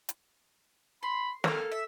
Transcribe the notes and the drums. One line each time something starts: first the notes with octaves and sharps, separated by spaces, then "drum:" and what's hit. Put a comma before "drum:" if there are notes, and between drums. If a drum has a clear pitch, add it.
drum: hi-hat
B5 C6
A#3 A4 F5, drum: snare
E5